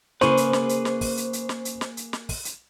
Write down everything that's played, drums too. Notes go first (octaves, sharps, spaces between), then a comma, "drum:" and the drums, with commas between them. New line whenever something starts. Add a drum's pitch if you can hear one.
C#3 A#3 G#4 B4 C5 C#6, drum: snare
drum: hi-hat
drum: snare
drum: hi-hat
drum: snare
drum: kick, open hi-hat
drum: hi-hat
drum: hi-hat
drum: snare
drum: hi-hat
drum: snare
drum: hi-hat
drum: snare
drum: kick, open hi-hat
drum: hi-hat